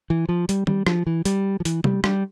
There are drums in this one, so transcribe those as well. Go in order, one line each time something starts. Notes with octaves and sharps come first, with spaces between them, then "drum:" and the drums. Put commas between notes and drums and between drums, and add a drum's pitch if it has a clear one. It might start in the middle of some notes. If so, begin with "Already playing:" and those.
E3
F3
G3, drum: hi-hat
G3, drum: tom D#3
F3, drum: rim click
E3
G3, drum: hi-hat
F3
E3, drum: hi-hat
G3, drum: tom C3
G3, drum: rim click